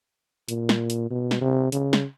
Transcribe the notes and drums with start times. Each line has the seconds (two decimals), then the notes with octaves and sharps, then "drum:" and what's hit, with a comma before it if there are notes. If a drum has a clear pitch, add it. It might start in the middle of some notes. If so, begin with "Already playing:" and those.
0.48 A#2, drum: hi-hat
0.69 drum: snare
0.90 drum: hi-hat
1.10 B2
1.31 drum: snare
1.41 C3
1.72 C#3, drum: hi-hat
1.93 drum: snare